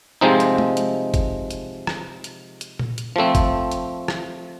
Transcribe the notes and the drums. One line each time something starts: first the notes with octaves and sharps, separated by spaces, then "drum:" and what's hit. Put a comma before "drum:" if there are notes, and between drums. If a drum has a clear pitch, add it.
C3 F3 G#3 C4 D#4
drum: hi-hat
drum: tom G#3
drum: hi-hat
drum: kick G1, hi-hat
drum: hi-hat
drum: rim click
drum: hi-hat
drum: hi-hat
drum: tom A#2
drum: hi-hat
F3 A3 C4
drum: kick G1, hi-hat
drum: hi-hat
drum: rim click